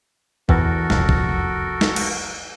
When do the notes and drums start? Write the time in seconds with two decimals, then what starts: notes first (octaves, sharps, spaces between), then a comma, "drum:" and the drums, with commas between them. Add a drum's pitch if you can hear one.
0.49 E2 E3 F#4 A4 A#4, drum: kick
0.90 E1 C2 F2, drum: snare
1.09 drum: kick
1.81 drum: snare
1.96 drum: cymbal